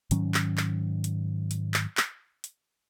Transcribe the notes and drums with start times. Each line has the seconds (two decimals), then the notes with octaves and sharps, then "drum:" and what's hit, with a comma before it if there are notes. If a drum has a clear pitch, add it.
0.11 G#2 D#3 F#3 C#4, drum: hi-hat
0.34 drum: clap
0.58 drum: clap
1.04 drum: hi-hat
1.51 drum: hi-hat
1.74 drum: clap
1.97 drum: clap
2.44 drum: hi-hat